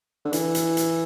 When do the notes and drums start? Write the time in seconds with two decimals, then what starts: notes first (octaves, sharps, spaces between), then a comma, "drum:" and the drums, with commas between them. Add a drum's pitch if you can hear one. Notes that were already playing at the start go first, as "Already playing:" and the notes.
0.25 D3
0.33 E3, drum: hi-hat
0.55 drum: hi-hat
0.77 drum: hi-hat